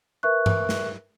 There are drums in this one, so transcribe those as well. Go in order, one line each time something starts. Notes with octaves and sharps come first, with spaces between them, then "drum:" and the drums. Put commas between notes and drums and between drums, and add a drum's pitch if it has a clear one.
A#4 B4 E5 C#6 F#6
drum: tom G2
drum: snare